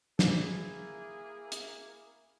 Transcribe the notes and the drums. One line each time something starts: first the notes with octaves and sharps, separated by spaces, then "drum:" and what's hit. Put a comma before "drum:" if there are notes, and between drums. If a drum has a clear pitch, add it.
A#3 E4 G#4, drum: snare
drum: hi-hat